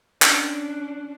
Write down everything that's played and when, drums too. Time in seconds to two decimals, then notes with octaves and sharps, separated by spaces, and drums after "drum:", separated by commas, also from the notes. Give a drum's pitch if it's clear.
0.22 C#4 D4, drum: clap